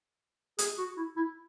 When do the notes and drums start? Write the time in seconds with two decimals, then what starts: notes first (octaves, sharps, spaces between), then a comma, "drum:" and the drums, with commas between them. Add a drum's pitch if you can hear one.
0.59 G#4, drum: hi-hat
0.78 F#4
0.97 E4
1.16 E4